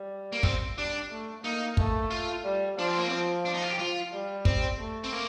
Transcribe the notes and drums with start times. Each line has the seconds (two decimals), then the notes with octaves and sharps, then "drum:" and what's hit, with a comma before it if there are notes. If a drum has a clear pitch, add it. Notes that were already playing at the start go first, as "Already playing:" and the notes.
Already playing: G3
0.32 A#3
0.43 C4, drum: kick
0.77 G3 D4
1.11 A3
1.44 A#3 D#4
1.77 A3, drum: kick
2.11 F4
2.45 G3
2.78 F3 D4
2.88 C4
2.98 A#3
3.08 F3 C4
3.45 D4
3.54 D#4
3.62 F4
3.70 G4
3.79 F4
4.12 G3
4.45 C4, drum: kick
4.79 A3
5.04 C4
5.13 A#3